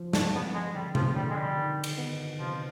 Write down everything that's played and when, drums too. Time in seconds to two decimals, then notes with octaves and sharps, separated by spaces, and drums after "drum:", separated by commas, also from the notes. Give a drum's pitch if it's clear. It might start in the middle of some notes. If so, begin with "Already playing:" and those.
Already playing: F3
0.13 D4, drum: snare
0.34 B3 C4
0.54 G#3
0.74 D3 G3
0.95 F3, drum: tom B2
1.15 D3 G3
1.30 G#3
1.36 G3
1.58 D#3
1.84 drum: cymbal
1.98 B3
2.39 C3 F3